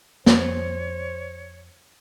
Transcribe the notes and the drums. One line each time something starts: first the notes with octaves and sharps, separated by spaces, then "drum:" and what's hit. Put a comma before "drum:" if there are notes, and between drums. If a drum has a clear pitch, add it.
F2 C5 C#5, drum: snare